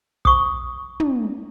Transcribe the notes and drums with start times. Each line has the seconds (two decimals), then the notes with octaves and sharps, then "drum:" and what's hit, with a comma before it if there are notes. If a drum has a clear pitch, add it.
0.25 C#6 D#6, drum: kick
1.00 drum: tom